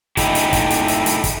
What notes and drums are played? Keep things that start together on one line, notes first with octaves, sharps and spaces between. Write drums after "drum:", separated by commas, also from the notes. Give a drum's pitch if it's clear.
A3 D#4 E4 G4, drum: kick, hi-hat
drum: hi-hat
drum: kick, hi-hat
drum: hi-hat
drum: hi-hat
drum: hi-hat
drum: kick, hi-hat